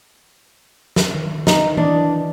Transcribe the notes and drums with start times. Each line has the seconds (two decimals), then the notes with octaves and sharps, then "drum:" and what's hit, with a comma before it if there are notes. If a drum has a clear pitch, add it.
0.96 drum: snare
1.14 D#3
1.47 D#4, drum: snare
1.77 E3 D4 D5 D#5